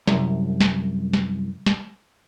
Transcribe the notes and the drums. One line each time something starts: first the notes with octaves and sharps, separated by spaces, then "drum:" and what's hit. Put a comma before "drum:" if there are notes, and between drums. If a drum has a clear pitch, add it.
C2 F#2, drum: snare
drum: snare
drum: snare
drum: snare